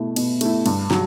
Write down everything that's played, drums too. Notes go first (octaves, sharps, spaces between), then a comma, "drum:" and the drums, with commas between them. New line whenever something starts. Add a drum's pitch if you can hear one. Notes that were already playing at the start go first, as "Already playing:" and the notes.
Already playing: B2 A3 E4
B2, drum: cymbal
A3 E4, drum: cymbal
G2, drum: cymbal
F#3, drum: snare